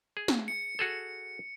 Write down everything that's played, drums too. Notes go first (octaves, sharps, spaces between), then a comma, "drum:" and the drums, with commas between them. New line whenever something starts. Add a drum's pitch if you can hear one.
G#4
drum: snare
C#7
F#4 G#4 A4